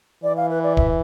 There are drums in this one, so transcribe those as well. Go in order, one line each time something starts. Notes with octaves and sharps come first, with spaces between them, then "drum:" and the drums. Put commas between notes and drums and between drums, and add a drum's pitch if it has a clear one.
E3 D5
F5
B4
D5
E5, drum: kick